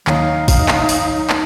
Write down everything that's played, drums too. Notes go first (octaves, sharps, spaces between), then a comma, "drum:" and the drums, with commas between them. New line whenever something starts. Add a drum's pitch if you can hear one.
D#2 F#3 D#4 F5, drum: clap
drum: kick, open hi-hat
drum: clap
drum: open hi-hat
drum: clap